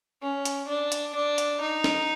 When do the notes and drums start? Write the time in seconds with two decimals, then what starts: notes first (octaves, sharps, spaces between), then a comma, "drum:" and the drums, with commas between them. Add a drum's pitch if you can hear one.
0.22 C#4
0.45 drum: hi-hat
0.69 D4
0.92 drum: hi-hat
1.15 D4
1.38 drum: hi-hat
1.61 D#4
1.84 drum: snare